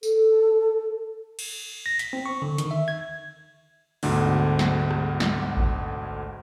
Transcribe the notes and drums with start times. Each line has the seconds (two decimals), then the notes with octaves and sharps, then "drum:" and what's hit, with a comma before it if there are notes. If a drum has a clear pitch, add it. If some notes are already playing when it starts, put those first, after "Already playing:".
0.03 A4, drum: tambourine
1.39 drum: cymbal
1.86 A#6
1.99 B6, drum: hi-hat
2.13 C4
2.26 C#6
2.42 D3
2.58 D#3, drum: hi-hat
2.71 E5
2.88 G#6
4.03 D2 G#2 B2 D3, drum: open hi-hat
4.59 drum: snare
4.91 drum: rim click
5.20 drum: snare
5.57 drum: kick A1